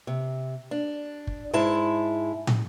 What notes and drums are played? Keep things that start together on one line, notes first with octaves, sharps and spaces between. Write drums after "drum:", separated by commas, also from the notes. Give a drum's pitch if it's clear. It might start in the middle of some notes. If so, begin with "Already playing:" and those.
C3
D4
drum: kick
G#2 G#3 E4 A5
drum: tom